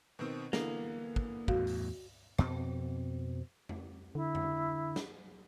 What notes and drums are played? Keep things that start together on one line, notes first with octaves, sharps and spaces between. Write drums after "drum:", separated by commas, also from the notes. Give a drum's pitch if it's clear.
B2 D#3 C4
D3 E3 A#3 B3, drum: snare
drum: kick
E2 A2 F#4 F5, drum: kick
drum: open hi-hat
F2 B2 C4, drum: rim click
drum: tom F2
D3 E4
drum: tom F2
drum: snare